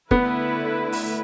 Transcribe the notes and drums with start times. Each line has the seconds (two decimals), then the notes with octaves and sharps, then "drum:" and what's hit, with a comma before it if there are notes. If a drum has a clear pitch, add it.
0.11 D3 A3 B3 E4 B4, drum: kick
0.92 drum: open hi-hat